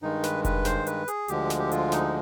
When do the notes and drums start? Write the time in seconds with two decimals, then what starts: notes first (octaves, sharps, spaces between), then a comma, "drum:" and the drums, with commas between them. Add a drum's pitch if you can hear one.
0.02 G2 D#3 G#3 D#4
0.24 B4, drum: snare
0.45 B4, drum: kick F1, hi-hat
0.65 C5, drum: snare
0.87 B4, drum: hi-hat
1.08 G#4, drum: hi-hat
1.28 D2 D3 F3 G#3 G4, drum: hi-hat
1.50 drum: snare
1.59 G4
1.71 F4, drum: hi-hat
1.92 D#4, drum: snare